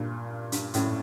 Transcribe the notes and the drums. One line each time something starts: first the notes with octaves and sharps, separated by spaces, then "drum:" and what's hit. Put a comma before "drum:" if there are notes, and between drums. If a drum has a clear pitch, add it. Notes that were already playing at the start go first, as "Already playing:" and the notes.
Already playing: G2 A#2
G2, drum: hi-hat
F#2 A2, drum: hi-hat